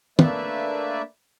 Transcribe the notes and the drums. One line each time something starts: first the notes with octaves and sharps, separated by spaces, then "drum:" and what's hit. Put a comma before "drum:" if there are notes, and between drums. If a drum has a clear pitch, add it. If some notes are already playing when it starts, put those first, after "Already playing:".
A3 A#3 D4 B4 D5 E5, drum: tom